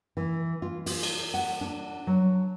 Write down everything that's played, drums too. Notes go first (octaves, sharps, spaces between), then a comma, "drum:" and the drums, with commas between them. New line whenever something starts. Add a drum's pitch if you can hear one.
E3
F4
F4, drum: open hi-hat
drum: cymbal
F#5
D4
F#3